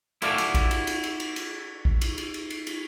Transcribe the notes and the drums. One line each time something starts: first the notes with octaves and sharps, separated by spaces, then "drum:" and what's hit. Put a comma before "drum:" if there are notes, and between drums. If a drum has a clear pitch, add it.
E4 F#4 A4 D5 F5, drum: cymbal
drum: cymbal
drum: kick A#1, cymbal
drum: cymbal
drum: cymbal
drum: cymbal
drum: cymbal
drum: cymbal
drum: kick A#1
drum: cymbal
drum: cymbal
drum: cymbal
drum: cymbal
drum: cymbal